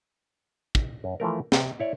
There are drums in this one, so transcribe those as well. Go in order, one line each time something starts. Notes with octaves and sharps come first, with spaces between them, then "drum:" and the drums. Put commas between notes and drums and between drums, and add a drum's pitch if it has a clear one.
drum: kick
F#2
E3 F3 A3 A#4
C3, drum: snare
E4 C#5 D5